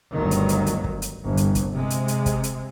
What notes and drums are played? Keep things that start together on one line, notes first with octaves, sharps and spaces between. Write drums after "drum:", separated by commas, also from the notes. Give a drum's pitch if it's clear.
G1 D2 G2 D#3 F#3
drum: hi-hat
drum: hi-hat
drum: hi-hat
drum: kick
drum: hi-hat
G1 C2
drum: hi-hat
drum: kick, hi-hat
C3 G#3
drum: hi-hat
drum: hi-hat
drum: kick, hi-hat
drum: hi-hat